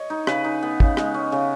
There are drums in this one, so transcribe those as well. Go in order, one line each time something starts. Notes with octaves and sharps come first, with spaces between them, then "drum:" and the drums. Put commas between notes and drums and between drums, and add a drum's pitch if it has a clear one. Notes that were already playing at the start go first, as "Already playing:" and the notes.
Already playing: C#5 D#5
D#4
C#3 B4, drum: rim click
D#4
B3
C#3, drum: kick
G#3, drum: rim click
C#4
C#3